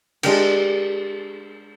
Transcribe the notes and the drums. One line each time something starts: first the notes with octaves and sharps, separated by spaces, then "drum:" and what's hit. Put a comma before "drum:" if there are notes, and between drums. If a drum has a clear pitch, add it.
G#3 D4 G4 A#4 G5, drum: cymbal